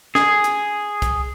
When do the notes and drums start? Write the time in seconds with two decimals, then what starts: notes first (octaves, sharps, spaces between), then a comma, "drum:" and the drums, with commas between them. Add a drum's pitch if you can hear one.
0.15 G#4, drum: snare
0.44 drum: hi-hat
1.02 drum: kick, hi-hat